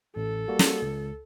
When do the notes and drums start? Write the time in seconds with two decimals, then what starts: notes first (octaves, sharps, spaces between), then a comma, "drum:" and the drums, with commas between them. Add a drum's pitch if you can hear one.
0.16 A1 A4
0.48 G3 A#3 F#4
0.59 drum: snare
0.82 C#2